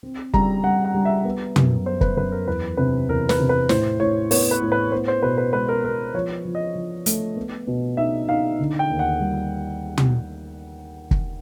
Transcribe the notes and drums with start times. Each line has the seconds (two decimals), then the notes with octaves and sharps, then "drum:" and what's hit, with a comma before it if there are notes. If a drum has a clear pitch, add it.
0.03 C4
0.34 G3 A#5, drum: kick
0.64 G3 F#5
0.85 F#5
0.94 G3
1.05 E5
1.25 B3
1.56 F#2, drum: tom
1.86 B3 C5
2.01 B4, drum: kick
2.17 F#2 B4
2.32 A#4
2.47 E2 B4
2.77 C3 B4
3.09 E2 A#4
3.29 B4, drum: snare
3.40 C3
3.49 B4
3.69 A2 C5, drum: snare
4.00 A2 C#5
4.31 B3 C#5, drum: open hi-hat
4.51 B4
4.62 A2
4.72 B4
4.92 B3 C5
5.08 C5
5.23 B2 B4
5.38 B4
5.53 G#3 B4
5.68 A#4
5.84 B3 A#4
6.14 F3 C#5
6.45 F3
6.55 D#5
6.75 F3
7.06 A3, drum: hi-hat
7.37 B3
7.67 B2
7.97 D#4 E5
8.29 D#4 F5
8.59 D3
8.79 G5
8.90 D#2
8.99 F#5
9.20 G3
9.98 drum: tom
11.11 drum: kick